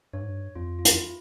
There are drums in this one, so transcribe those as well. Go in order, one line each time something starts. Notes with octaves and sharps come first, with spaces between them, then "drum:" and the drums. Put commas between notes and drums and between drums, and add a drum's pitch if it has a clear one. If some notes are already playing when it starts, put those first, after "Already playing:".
G2 C#5
G#2
G2
F2 F4
F4
F2 E4, drum: hi-hat